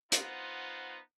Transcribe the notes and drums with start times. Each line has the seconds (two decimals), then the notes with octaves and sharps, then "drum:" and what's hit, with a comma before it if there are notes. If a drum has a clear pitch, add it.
0.12 B3 D#4 F4 C5 F#5, drum: hi-hat